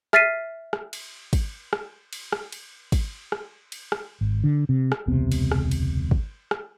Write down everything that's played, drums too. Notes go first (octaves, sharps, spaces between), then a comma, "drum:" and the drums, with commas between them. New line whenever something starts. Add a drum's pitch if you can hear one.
E5 F6 A6 B6 C7 D#7, drum: rim click
drum: rim click
drum: cymbal
drum: kick, cymbal
drum: rim click
drum: cymbal
drum: rim click
drum: cymbal
drum: kick, cymbal
drum: rim click
drum: cymbal
drum: rim click
G#1
D3
C3
drum: rim click
E1 C#2 C3 B3
drum: cymbal
drum: rim click
drum: cymbal
drum: kick
drum: rim click